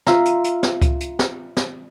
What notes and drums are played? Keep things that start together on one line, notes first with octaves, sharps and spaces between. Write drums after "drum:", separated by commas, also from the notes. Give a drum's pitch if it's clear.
F4 E5 A#5, drum: snare
drum: hi-hat
drum: hi-hat
drum: snare
drum: kick C#2, hi-hat
drum: hi-hat
drum: snare
drum: snare